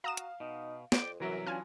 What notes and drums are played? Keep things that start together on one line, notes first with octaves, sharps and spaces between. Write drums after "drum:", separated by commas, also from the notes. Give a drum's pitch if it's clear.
F#4 F5 A#5 D#6 E7
drum: hi-hat
B2 D#4
F2 D5 G5, drum: snare
C2 F#2 E3 F#3 A#4 E5
C#4 D4 F4 G#5 A5 F6